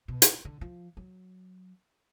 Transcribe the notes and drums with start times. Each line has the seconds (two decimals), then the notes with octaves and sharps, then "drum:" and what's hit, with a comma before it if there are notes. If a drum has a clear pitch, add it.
0.08 B2
0.22 drum: hi-hat
0.45 D3
0.61 F3
0.97 F#3